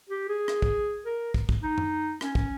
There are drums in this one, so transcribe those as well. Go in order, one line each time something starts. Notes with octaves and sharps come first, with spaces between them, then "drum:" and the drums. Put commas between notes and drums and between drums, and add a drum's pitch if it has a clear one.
G4
G#4
drum: rim click
drum: kick
A#4
drum: kick
drum: kick
D#4
drum: tom F#2
C#4, drum: rim click
drum: kick